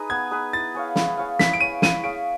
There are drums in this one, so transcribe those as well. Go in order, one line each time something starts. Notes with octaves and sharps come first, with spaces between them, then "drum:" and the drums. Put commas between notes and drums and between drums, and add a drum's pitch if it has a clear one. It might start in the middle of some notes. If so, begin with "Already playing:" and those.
Already playing: D#4 G#4 B4
B3 G#6
D#4 G#4 B4
E4 A6
G#4 C#5 F5
E4, drum: snare
G#4 C#5 F5
E4 B6, drum: snare
D7
G#4 C#5 F5 D#7
E4 D#7, drum: snare
G#4 C#5 F5 D7